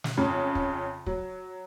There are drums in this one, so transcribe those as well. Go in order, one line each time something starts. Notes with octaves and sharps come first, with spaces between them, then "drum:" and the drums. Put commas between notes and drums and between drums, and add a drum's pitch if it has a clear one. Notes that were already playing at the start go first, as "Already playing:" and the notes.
drum: snare
F2 C#3
drum: kick
F#3, drum: kick